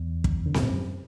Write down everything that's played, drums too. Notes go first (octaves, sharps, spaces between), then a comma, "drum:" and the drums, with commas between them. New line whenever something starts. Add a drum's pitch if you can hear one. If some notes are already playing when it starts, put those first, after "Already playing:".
Already playing: E2
drum: kick
D3
B2, drum: snare C4
A2
F#2